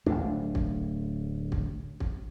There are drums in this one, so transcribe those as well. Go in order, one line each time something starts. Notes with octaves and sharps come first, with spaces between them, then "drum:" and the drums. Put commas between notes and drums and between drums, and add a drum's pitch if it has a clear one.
D1 G1 A3 D4, drum: kick
drum: kick
drum: kick
drum: kick